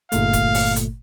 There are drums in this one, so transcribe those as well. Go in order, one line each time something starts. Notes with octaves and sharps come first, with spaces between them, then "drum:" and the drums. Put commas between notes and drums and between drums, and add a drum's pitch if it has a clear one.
G1 A#2 A3 F5, drum: hi-hat
drum: kick D#1, hi-hat
drum: open hi-hat
drum: hi-hat